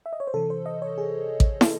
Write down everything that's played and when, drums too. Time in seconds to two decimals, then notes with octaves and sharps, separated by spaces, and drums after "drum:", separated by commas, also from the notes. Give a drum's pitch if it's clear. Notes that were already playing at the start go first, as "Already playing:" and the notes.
0.06 E5
0.13 D#5
0.20 C#5
0.27 C5
0.34 C3 E3 A4
0.50 C5
0.66 D#5
0.82 C#5
0.98 G#4
1.40 drum: kick A1
1.61 A4, drum: snare